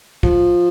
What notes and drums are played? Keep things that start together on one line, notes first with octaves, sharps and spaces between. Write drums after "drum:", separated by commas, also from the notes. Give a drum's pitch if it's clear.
F3, drum: kick